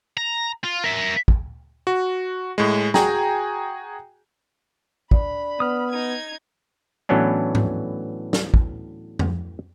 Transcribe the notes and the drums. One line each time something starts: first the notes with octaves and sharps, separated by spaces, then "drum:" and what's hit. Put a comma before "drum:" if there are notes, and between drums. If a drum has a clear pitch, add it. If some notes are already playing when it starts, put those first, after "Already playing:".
A#5
F4
A#4 E5
drum: kick
F#4
A2 G#3
F#4 G#4 G5 G#5 A#5, drum: snare
D4 B5, drum: kick
B3 D#6 F6
D#4 G#6
A2 E3 F#3 B3 C#4 D4
drum: tom G#2
drum: snare
drum: kick
drum: tom F2